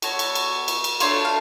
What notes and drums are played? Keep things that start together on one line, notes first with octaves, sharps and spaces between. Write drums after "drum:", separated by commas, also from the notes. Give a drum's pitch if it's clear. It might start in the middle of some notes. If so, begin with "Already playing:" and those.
B3 F#4 A4 C#5, drum: cymbal
drum: cymbal
drum: cymbal
drum: cymbal
drum: cymbal
A3 D4 F4 C#5, drum: cymbal
F5